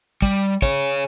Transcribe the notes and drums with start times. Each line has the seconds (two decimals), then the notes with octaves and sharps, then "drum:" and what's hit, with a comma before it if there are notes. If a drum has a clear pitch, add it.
0.22 G3, drum: kick
0.62 G#4 C#5, drum: kick